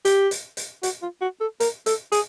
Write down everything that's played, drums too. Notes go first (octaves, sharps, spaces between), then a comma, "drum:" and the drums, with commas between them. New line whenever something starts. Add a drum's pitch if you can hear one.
G4, drum: hi-hat
drum: hi-hat
drum: hi-hat
F#4, drum: hi-hat
F4
F#4
A4
A#4, drum: hi-hat
A4, drum: hi-hat
G#4, drum: hi-hat